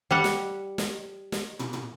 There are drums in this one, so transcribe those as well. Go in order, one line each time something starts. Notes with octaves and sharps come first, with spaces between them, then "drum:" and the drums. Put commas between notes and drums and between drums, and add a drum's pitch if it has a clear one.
G3 G4 F#5
drum: snare
drum: snare
drum: snare
drum: tom
drum: tom